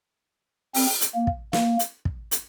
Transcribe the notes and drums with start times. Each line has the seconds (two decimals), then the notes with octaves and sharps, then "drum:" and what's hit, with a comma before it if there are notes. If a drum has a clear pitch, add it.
0.74 C4, drum: open hi-hat
1.01 drum: hi-hat
1.14 A#3
1.27 drum: kick
1.53 A#3, drum: snare
1.79 drum: hi-hat
2.05 drum: kick
2.31 drum: hi-hat